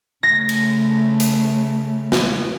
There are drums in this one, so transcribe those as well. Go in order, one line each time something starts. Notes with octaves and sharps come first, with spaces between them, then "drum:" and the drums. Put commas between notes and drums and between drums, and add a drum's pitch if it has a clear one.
C#3 A3 A#6
drum: cymbal
drum: hi-hat
drum: snare